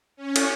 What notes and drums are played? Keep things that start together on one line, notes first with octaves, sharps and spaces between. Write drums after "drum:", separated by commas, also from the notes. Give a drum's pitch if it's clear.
C#4
drum: cymbal